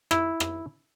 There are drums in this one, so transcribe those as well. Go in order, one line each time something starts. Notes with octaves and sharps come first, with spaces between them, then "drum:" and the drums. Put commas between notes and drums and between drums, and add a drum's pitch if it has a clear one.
E4, drum: rim click
drum: rim click